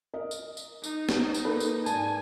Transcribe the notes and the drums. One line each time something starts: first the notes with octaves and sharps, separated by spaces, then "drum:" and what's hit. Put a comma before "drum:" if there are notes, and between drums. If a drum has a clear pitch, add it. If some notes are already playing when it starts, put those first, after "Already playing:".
A#4 D#5
drum: tambourine
drum: tambourine
D#4, drum: tambourine
drum: snare
drum: tambourine
A#3 A4 B4
drum: tambourine
G#2 D5 G#5 A5, drum: tambourine